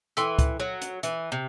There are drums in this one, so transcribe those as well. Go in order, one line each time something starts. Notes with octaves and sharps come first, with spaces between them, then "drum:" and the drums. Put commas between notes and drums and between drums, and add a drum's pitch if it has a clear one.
E3 A4 E5 G5 C6 E6, drum: hi-hat
drum: kick C#2, hi-hat
F#3
drum: hi-hat
E3, drum: hi-hat
C3